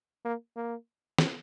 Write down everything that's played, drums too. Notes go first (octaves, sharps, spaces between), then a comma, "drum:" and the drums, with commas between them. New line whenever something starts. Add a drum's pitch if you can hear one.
A#3
A#3
drum: snare